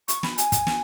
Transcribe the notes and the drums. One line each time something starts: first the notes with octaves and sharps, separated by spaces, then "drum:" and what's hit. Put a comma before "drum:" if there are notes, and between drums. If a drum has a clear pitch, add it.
C#6, drum: hi-hat
B5, drum: snare
G#5, drum: hi-hat
drum: kick, hi-hat
drum: snare